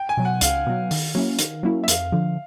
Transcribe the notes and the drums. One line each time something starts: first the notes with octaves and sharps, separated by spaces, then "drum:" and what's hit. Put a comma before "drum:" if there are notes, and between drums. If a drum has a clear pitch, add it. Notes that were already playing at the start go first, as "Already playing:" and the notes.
Already playing: G5
G#5
B2 F#3
F#5
C#2 F5, drum: hi-hat
B2 F#3
D#3, drum: open hi-hat
F#3 A#3 C#4 E4
D#3, drum: hi-hat
F#3 A#3 C#4 E4
E5
F2 F5, drum: hi-hat
D3 F3